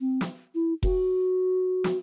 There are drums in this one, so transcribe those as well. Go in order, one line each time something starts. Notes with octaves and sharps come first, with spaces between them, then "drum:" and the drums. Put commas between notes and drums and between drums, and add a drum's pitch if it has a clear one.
C4
drum: snare
E4
F#4, drum: kick F1
drum: snare